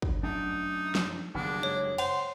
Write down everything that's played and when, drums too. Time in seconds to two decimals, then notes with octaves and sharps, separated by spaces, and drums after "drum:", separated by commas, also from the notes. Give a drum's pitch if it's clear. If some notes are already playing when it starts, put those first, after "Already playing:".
0.02 drum: kick
0.23 F#2 A3 D4 D#4
0.95 drum: snare
1.35 F#1 G2 D#3 B3 D4 B4
1.63 G#3 C#5
1.98 C5 F#5 C6 F7, drum: cymbal